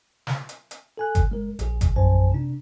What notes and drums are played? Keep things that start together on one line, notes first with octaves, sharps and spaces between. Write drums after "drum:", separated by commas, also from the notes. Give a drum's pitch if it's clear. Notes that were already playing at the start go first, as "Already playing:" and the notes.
drum: snare
drum: hi-hat
drum: hi-hat
A4 G#5 F#6
drum: kick, hi-hat
G#3 A#4
A#1 G#4, drum: hi-hat
drum: kick, hi-hat
A#1 F#2 C5 G#5 A5
C3 D4